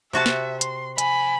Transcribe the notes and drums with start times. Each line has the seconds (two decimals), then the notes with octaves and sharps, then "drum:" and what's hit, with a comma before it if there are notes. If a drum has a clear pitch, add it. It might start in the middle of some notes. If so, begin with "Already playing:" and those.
0.13 C3 F#4 E5 A5
0.26 drum: snare
0.61 C6, drum: hi-hat
0.98 F3 G#5 B5, drum: hi-hat